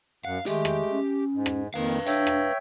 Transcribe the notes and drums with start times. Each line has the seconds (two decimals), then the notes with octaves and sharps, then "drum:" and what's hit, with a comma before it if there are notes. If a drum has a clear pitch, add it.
0.25 F#2 F5 F#5
0.46 D#3 G#3 A3 G4, drum: hi-hat
0.65 drum: rim click
0.90 C#4
1.34 G#2
1.46 drum: rim click
1.74 F2 D#3 A#3 B4 F5
2.06 D4 C#5 E5 G5, drum: hi-hat
2.27 drum: rim click